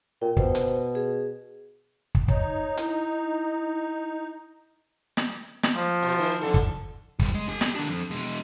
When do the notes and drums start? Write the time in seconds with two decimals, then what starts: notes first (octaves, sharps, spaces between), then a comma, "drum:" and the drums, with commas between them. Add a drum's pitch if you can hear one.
0.22 A#2 G5
0.37 B2 C5, drum: kick
0.55 drum: hi-hat
0.95 G#4
2.15 drum: kick
2.28 D#4 C#5, drum: kick
2.77 E4, drum: hi-hat
5.17 drum: snare
5.63 drum: snare
5.76 F3
6.03 B2
6.19 D#3
6.42 F2 D3 A4
6.54 drum: kick
7.19 E3 G3, drum: kick
7.34 G#3
7.49 G4 G#5
7.61 drum: snare
7.75 D#3 D4
7.89 F2
8.10 E2 G#3